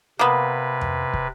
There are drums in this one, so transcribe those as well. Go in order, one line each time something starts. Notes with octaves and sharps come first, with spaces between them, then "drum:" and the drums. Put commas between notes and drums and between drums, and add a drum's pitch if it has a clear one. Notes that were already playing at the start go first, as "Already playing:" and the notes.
C3 A#3 B3 B4
drum: tom F2
drum: kick